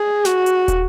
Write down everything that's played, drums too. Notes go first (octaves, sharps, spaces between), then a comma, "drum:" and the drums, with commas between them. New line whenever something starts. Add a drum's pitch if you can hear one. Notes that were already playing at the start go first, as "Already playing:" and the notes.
Already playing: G#4
F#4, drum: snare
drum: hi-hat
drum: kick, hi-hat